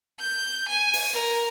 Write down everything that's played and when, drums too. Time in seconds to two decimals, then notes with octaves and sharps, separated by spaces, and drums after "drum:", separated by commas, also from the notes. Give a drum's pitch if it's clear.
0.20 G6
0.69 G#5
0.93 drum: open hi-hat
1.13 A#4